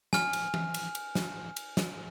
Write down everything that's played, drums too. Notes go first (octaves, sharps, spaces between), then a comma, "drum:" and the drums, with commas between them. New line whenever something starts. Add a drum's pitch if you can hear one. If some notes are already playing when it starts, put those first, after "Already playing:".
G#5 F6, drum: snare
drum: cymbal
drum: tom
drum: cymbal
drum: cymbal
drum: snare
drum: cymbal
drum: snare